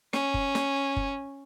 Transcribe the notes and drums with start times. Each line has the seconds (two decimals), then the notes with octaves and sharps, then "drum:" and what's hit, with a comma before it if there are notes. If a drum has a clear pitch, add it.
0.13 C#4, drum: snare
0.34 drum: kick F#1
0.55 drum: snare
0.96 drum: kick F#1